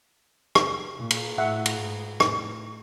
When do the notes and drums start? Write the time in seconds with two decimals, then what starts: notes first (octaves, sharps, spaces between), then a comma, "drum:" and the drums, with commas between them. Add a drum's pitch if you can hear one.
0.55 drum: rim click
0.97 A#2
1.10 drum: cymbal
1.38 A2 E5 F#5
1.66 drum: cymbal
1.79 G#2
2.20 A2, drum: rim click